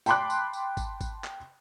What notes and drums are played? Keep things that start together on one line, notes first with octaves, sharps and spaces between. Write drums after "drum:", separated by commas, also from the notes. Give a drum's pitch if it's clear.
G5 A5 B5 C6 D6 F#6, drum: tambourine
drum: tambourine
drum: tambourine
drum: kick, tambourine
drum: kick, tambourine
drum: clap